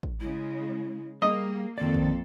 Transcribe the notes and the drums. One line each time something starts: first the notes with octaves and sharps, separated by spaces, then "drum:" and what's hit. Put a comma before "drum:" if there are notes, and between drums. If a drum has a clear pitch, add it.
drum: kick
C#3 G#3 E4
G3 A#3 G#4 D#5
F2 D#3 A#3 C4 A4 D5
drum: kick